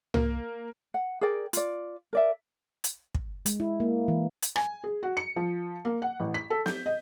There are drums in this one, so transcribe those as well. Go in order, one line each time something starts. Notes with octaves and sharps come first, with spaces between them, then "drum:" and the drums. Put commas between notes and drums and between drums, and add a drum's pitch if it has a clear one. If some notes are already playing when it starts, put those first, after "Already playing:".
A#3, drum: tom
F#5
G#4 A#4 D5 G5
F4 D5, drum: hi-hat
A#4 D5 E5
drum: hi-hat
drum: kick
G#3, drum: hi-hat
E4
A#3
E3
drum: hi-hat
G#5, drum: rim click
G#4
F#4
C#7
F3
A#3
F#5
A1
B6
A4
G6, drum: snare
D#5